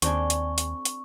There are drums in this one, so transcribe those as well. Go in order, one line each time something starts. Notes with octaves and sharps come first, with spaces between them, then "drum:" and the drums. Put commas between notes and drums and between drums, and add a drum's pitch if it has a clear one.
D#2 C4 D4 G#4 C#6, drum: hi-hat
drum: hi-hat
drum: hi-hat
drum: hi-hat